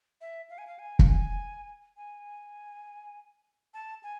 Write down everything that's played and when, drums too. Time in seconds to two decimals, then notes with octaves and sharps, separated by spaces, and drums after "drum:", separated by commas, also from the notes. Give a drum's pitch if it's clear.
0.21 E5
0.50 F5
0.58 G#5
0.67 F5
0.79 G#5
0.99 F5, drum: kick
1.08 G#5
1.97 G#5
3.74 A5
4.03 G#5